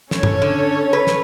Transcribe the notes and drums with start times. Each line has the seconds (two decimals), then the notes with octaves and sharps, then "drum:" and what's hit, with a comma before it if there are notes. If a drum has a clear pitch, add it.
0.11 C#4 A4 C#5, drum: snare
0.23 drum: tom G2
0.42 D3
0.93 B4
1.07 drum: snare